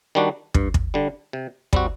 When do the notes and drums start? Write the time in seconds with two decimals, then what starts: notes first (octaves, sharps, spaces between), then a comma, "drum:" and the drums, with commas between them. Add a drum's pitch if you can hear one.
0.15 D#3 G3 D4 F#4
0.54 G2, drum: kick
0.74 drum: kick
0.94 D3 G3
1.33 C3
1.73 G3 C4 F#4, drum: kick